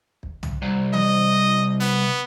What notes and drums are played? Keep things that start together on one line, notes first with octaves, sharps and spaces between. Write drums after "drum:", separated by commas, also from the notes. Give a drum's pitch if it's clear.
drum: kick
drum: tom
C2
D#5, drum: tom E3
B3, drum: hi-hat